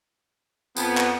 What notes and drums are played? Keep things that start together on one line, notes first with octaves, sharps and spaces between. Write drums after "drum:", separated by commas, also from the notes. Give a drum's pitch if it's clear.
F2 B3, drum: tambourine
drum: clap